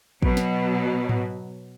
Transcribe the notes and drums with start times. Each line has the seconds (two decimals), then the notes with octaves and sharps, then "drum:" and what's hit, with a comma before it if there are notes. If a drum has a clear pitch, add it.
0.22 B2 F#3, drum: kick
0.37 drum: snare
1.09 drum: tom G#2